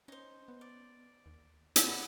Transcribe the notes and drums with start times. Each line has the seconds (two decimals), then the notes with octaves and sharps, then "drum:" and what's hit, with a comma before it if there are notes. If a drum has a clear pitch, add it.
0.08 C#4 D#4 C5
0.48 B3
0.61 D5
1.26 D#2
1.76 drum: hi-hat
1.86 B4 E5 F#5